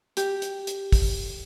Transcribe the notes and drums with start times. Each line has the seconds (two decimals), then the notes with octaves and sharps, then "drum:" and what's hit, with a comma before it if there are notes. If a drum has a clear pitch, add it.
0.17 G4, drum: hi-hat
0.42 drum: hi-hat
0.67 drum: hi-hat
0.92 drum: kick, open hi-hat